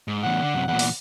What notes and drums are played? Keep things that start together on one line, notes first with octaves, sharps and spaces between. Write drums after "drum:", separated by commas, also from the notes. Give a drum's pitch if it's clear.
G#2
E2 A2 F#5
D3
F#2 C3
E2 A#2 F#5
drum: open hi-hat